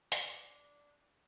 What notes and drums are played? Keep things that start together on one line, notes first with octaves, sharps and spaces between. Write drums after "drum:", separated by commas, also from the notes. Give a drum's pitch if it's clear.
D4, drum: hi-hat